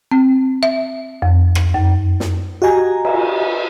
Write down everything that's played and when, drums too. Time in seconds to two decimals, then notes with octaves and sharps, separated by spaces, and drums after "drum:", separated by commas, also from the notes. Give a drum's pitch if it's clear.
0.11 C4
0.63 E5
1.22 F2
1.55 drum: rim click
1.74 F#2
2.20 drum: snare
2.62 F#4 G4 D#5 G#5 A#5
3.05 drum: cymbal